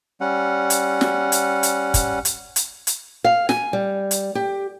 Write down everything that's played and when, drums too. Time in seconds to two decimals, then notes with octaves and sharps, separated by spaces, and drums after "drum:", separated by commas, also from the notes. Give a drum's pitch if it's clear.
0.21 G3 C#4 F#5
0.70 drum: hi-hat
1.01 drum: snare
1.32 drum: hi-hat
1.63 drum: hi-hat
1.94 drum: kick, hi-hat
2.25 drum: hi-hat
2.56 drum: hi-hat
2.87 drum: hi-hat
3.24 F5
3.49 G#5, drum: snare
3.73 G3
4.11 drum: hi-hat
4.35 G4